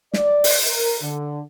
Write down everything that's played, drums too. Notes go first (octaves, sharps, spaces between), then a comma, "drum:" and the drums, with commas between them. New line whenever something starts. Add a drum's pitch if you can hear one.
D5, drum: snare
drum: open hi-hat
A#4
D3